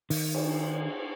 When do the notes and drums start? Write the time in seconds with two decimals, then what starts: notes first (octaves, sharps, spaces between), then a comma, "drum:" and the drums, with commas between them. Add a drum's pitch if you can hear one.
0.10 D#3, drum: open hi-hat
0.34 drum: cymbal